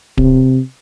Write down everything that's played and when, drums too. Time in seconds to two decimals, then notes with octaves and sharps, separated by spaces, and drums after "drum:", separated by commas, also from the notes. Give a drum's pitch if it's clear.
0.18 C3, drum: kick D1